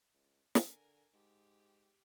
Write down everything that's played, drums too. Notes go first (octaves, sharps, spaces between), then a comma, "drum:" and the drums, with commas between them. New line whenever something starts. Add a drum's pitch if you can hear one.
C#2
D3 A#4 G#5, drum: snare
G#2 G4